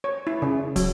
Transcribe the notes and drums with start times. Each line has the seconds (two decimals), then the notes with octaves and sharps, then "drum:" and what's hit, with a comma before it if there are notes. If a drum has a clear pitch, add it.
0.04 C#5
0.27 E4
0.42 C#3
0.76 F#3, drum: kick, hi-hat